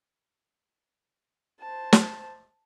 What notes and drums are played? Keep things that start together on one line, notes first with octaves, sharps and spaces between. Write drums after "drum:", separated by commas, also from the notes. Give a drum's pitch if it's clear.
C5 A5
drum: snare